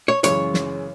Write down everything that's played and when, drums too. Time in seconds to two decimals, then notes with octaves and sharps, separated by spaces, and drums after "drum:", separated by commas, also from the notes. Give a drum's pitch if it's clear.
0.08 C#5
0.24 F#2 C#3 E3 G#3 C#5, drum: hi-hat
0.54 drum: snare